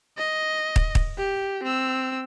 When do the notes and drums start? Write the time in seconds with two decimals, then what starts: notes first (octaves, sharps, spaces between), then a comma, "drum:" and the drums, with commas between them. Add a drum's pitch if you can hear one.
0.18 D#5
0.76 drum: kick
0.95 drum: kick
1.18 G4
1.64 C4 E6